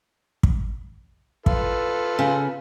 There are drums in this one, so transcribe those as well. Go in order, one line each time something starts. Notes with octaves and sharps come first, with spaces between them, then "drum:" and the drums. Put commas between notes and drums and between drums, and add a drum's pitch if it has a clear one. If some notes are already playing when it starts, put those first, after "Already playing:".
drum: kick
F4 A4 B4, drum: kick
C#3